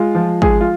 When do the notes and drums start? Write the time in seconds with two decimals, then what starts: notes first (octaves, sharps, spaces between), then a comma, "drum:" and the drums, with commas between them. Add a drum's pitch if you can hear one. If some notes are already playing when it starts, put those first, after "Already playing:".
Already playing: G#3 F4
0.15 F3
0.42 G#3 G#4, drum: kick
0.61 F4